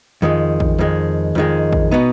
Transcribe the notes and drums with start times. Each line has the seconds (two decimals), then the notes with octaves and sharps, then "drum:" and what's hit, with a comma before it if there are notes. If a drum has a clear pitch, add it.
0.22 F2 D#3 G#3
0.60 drum: kick A1
0.78 F2 D#3 G#3
1.35 F2 D#3 G#3
1.72 drum: kick A1
1.91 B2 B3 D#4